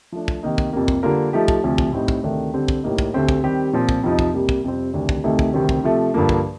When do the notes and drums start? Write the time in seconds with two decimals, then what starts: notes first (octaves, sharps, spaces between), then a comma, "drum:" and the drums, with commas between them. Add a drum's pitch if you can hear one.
0.12 F3 A3 D4
0.28 drum: kick
0.43 C3 D#3 A#3 D#4
0.58 drum: kick
0.73 F2 C3 G3 A#3
0.88 drum: kick
1.03 D3 G3 A#3 F4 A#4
1.33 F3 A3 D#4 G4
1.48 drum: kick
1.64 D2 C3 F3
1.78 drum: kick
1.93 A2 G3 C4 D#4
2.08 drum: kick
2.23 D2 C3 D#3 A3 D4
2.53 D3 G3 C4
2.68 drum: kick
2.83 A2 G3 A#3 D#4
2.98 drum: kick
3.14 D2 D3 A3 C4 G4
3.29 drum: kick
3.44 D#3 G3 C4 G4
3.73 A#2 F3 C4
3.89 drum: kick
4.03 F2 C3 F3 C4 D#4
4.19 drum: kick
4.34 C3 G3 A#3
4.49 drum: kick
4.64 F2 C3 G3 C4
4.94 D2 C3 D#3 G3 D4
5.09 drum: kick
5.24 D2 C3 D#3 A3 D#4
5.39 drum: kick
5.54 D2 C3 D#3 G3 C4
5.69 drum: kick
5.84 C3 F3 A3
6.14 G2 D3 F3 A#3
6.29 drum: kick